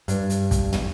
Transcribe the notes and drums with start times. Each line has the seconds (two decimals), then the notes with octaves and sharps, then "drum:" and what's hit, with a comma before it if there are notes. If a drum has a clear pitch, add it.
0.08 G2, drum: hi-hat
0.30 drum: hi-hat
0.51 drum: kick, hi-hat
0.73 drum: tom